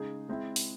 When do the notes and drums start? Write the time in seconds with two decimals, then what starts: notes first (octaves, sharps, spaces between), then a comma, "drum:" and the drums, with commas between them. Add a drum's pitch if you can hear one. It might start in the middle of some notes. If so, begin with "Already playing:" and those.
Already playing: C#3 G#3 D#4 G#4
0.29 G#3 C4 E4
0.56 drum: open hi-hat